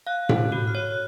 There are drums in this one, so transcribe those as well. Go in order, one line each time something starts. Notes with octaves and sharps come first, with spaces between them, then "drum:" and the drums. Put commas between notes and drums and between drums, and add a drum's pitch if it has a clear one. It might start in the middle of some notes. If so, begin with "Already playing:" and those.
F5 F#6
A4, drum: tom A2
F#4
F6
C#5 F#6
F#6